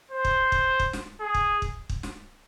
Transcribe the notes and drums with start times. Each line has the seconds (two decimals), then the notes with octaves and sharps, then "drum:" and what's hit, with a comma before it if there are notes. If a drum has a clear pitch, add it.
0.11 C5
0.25 drum: kick
0.52 drum: kick
0.80 drum: kick
0.93 drum: snare
1.21 G#4
1.35 drum: kick
1.62 drum: kick
1.89 drum: kick
2.03 drum: snare